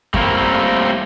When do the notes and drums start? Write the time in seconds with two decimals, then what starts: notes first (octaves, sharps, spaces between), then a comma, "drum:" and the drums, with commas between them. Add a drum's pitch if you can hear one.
0.14 G3 A3 A#3 C4 A#4, drum: kick F#2